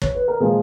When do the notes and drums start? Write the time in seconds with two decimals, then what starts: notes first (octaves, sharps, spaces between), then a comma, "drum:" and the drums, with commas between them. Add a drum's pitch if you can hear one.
0.02 C#5, drum: kick
0.15 B4
0.28 A#4
0.40 A#2 F3 G#3 G#4